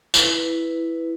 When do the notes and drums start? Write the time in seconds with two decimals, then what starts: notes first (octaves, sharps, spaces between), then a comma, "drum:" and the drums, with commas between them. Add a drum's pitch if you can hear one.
0.14 E4 B4, drum: tambourine